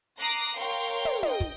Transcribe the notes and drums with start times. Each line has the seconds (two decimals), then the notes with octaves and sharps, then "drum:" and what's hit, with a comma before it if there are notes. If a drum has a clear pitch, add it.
0.19 A#5 D6 D#6 F#6 A#6 C7
0.57 A#4 C#5 F5 G5 C6
0.70 drum: hi-hat
0.88 drum: hi-hat
1.05 drum: tom
1.23 D#5 G5, drum: tom
1.40 drum: kick, hi-hat